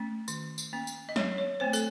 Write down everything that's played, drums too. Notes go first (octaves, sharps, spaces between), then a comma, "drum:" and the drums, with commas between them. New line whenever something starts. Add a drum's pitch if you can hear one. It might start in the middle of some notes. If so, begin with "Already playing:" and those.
Already playing: A3 C#4
D#3, drum: tambourine
drum: tambourine
A#3 C#4
drum: tambourine
D#5
F#3 C#5, drum: snare
C#5
A3 C4 C5
A4, drum: tambourine